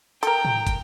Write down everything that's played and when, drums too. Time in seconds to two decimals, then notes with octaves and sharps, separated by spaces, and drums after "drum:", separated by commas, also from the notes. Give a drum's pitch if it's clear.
0.23 A4 A#4 G5 A#5, drum: hi-hat
0.45 drum: tom
0.67 drum: kick, hi-hat